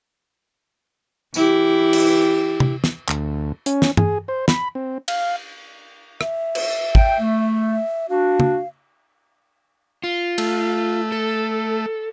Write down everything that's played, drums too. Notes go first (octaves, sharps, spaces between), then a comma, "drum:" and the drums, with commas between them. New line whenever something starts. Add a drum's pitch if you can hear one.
E3 E4 G4, drum: tambourine
drum: cymbal
drum: tom C3
drum: snare
D2, drum: clap
C#4, drum: hi-hat
drum: snare
G#4, drum: tom G2
C5
B5, drum: snare
C4
F5, drum: cymbal
E5, drum: rim click
drum: cymbal
G5, drum: kick
A3
D4 F#4 F5
drum: tom
F4
A3, drum: cymbal
A4